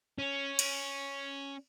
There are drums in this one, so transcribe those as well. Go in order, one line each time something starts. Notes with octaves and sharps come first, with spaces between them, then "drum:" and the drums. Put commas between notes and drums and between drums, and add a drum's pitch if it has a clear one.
C#4
drum: cymbal